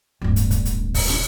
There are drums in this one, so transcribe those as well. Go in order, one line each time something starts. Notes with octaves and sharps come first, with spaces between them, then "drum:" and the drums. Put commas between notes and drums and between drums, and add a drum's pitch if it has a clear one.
D1 G1
drum: hi-hat
drum: kick, hi-hat
drum: hi-hat
drum: kick, open hi-hat
drum: tom